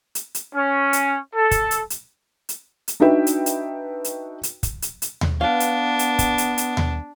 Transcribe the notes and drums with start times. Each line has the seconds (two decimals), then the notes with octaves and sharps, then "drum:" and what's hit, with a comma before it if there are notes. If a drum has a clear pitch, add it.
0.15 drum: hi-hat
0.35 drum: hi-hat
0.55 C#4
0.93 drum: hi-hat
1.35 A4
1.51 drum: kick, hi-hat
1.71 drum: hi-hat
1.90 drum: hi-hat
2.49 drum: hi-hat
2.88 drum: hi-hat
3.00 D4 D#4 F#4 B4 E5 G5
3.27 drum: hi-hat
3.46 drum: hi-hat
4.04 drum: hi-hat
4.43 drum: hi-hat
4.63 drum: kick, hi-hat
4.82 drum: hi-hat
5.02 drum: hi-hat
5.21 drum: tom D#2
5.41 B3 D4 B4 F5
5.60 drum: hi-hat
5.99 drum: hi-hat
6.19 drum: kick, hi-hat
6.38 drum: hi-hat
6.58 drum: hi-hat
6.77 drum: tom D#2